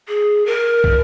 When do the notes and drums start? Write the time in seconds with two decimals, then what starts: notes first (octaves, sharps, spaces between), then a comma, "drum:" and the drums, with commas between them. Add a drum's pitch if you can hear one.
0.08 G#4
0.45 A#4
0.84 drum: kick